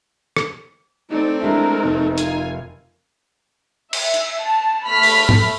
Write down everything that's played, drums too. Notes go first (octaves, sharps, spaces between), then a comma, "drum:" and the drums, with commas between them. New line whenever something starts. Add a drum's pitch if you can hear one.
drum: rim click
A3 C4 D#4 D5
G#3 D4 E4 A#4 E5
F1 D#4 A#4 F6
F4 G#5, drum: hi-hat
E5, drum: cymbal
drum: hi-hat
A5
A3 B5 F6 B6
drum: open hi-hat
drum: tom